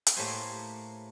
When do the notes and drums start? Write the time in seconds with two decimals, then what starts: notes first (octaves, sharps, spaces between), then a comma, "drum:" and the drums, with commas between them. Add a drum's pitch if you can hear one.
0.07 drum: hi-hat
0.16 A2 A3 A#3 G4 C5 G#5